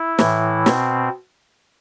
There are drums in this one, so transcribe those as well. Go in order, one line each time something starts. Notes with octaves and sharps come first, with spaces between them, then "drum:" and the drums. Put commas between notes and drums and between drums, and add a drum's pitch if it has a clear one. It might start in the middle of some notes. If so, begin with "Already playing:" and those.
Already playing: E4
A2 E3, drum: snare
B2 C4, drum: snare